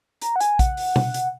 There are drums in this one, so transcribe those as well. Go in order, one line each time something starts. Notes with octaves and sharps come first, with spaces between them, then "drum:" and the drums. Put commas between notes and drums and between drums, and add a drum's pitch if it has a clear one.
A#5, drum: hi-hat
F#5
G#5, drum: hi-hat
F#5, drum: kick A#1, hi-hat
drum: open hi-hat
drum: tom B2
drum: hi-hat